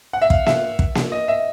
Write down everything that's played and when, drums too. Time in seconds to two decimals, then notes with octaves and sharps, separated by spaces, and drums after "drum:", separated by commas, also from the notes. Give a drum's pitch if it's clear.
0.13 F#5
0.22 E5
0.30 F5, drum: kick
0.46 E5, drum: snare A#3
0.79 drum: kick
0.95 drum: snare A#3
1.12 D#5
1.28 E5